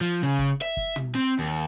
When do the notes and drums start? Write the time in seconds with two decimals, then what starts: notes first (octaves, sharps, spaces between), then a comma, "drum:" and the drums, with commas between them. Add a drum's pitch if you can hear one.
0.01 F3
0.23 C#3
0.39 drum: kick
0.62 E5
0.77 drum: kick
0.96 drum: tom
1.15 C4
1.39 D#2